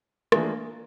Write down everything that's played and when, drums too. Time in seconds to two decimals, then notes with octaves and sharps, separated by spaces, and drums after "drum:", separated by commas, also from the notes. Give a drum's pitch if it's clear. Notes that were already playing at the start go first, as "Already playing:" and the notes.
0.32 E3 A3 A#3 D4 F4 G#4, drum: rim click